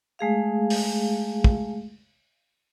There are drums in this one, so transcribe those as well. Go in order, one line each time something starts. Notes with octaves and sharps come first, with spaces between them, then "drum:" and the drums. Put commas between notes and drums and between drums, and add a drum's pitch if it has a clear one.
G#3 A3 G#4 F5
drum: open hi-hat
drum: kick